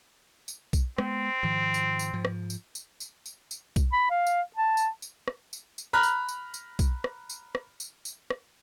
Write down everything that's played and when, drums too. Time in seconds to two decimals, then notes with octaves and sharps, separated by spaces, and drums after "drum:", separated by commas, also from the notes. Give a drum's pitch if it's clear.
0.48 drum: tambourine
0.73 drum: kick B1, tambourine
0.98 G#3 B3 C4, drum: rim click
1.43 G#2 D#3 F3
1.74 drum: tambourine
1.99 drum: tambourine
2.13 G#2 F3
2.25 drum: rim click
2.50 drum: tambourine
2.75 drum: tambourine
3.00 drum: tambourine
3.26 drum: tambourine
3.51 drum: tambourine
3.76 drum: kick B1, tambourine
3.93 B5
4.10 F5
4.27 drum: tambourine
4.56 A5
4.77 drum: tambourine
5.02 drum: tambourine
5.28 drum: rim click
5.53 drum: tambourine
5.78 drum: tambourine
5.93 A#5 B5 F6 F#6
6.03 drum: tambourine
6.29 drum: tambourine
6.54 drum: tambourine
6.79 drum: kick B1, tambourine
7.04 drum: rim click
7.29 drum: tambourine
7.55 drum: rim click
7.80 drum: tambourine
8.05 drum: tambourine
8.30 drum: rim click